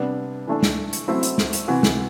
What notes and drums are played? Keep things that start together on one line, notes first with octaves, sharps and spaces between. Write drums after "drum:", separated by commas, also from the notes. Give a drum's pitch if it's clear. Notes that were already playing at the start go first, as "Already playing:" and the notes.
Already playing: C3 G3 B3 D4
E3 A3 D4 A4
drum: snare
drum: hi-hat
F#3 A3 C4 E4
drum: hi-hat
drum: snare
drum: hi-hat
C3 E3 B3 F#4
drum: snare